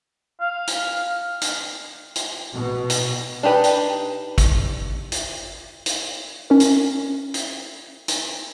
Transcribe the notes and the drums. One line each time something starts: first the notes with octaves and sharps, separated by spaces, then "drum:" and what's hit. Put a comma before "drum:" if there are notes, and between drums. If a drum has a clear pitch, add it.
F5
drum: hi-hat
drum: hi-hat
drum: hi-hat
B2
drum: hi-hat
D4 D#4 G4 B4
drum: hi-hat
drum: kick, hi-hat
drum: hi-hat
drum: hi-hat
C#4 A#4
drum: hi-hat
drum: hi-hat
drum: hi-hat